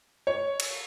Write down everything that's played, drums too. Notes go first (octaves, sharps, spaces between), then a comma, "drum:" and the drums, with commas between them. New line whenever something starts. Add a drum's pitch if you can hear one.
C#5
drum: cymbal